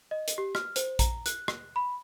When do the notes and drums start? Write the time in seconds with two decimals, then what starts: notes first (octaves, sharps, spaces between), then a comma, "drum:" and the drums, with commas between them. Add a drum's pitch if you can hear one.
0.11 D#5
0.28 drum: hi-hat
0.38 G4
0.55 F6, drum: rim click
0.76 C5, drum: hi-hat
0.99 A#5, drum: kick A#1, hi-hat
1.26 F#6, drum: hi-hat
1.48 drum: rim click
1.76 B5